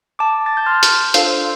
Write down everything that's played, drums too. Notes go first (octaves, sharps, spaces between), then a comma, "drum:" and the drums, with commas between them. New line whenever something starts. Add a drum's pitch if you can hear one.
A5 D6
A6
G6
C6 F6
drum: hi-hat
D4 F4 A4 C5 F5, drum: hi-hat